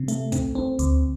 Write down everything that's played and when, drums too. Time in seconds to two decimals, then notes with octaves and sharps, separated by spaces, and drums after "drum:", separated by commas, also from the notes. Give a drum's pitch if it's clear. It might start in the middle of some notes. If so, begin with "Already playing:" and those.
Already playing: C3
0.08 A3, drum: hi-hat
0.32 C4, drum: kick, hi-hat
0.55 C4
0.79 D2, drum: hi-hat